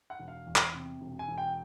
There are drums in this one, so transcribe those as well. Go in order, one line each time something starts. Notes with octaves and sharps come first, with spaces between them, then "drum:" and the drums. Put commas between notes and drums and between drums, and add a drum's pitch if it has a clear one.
F#5
E1
F5
E2
drum: clap
C3
E1
G#5
E1
G5